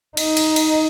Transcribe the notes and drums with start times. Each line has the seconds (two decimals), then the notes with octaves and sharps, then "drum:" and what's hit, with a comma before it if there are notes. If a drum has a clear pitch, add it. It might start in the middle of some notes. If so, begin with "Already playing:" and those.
0.17 D#4, drum: cymbal
0.37 drum: cymbal
0.56 drum: cymbal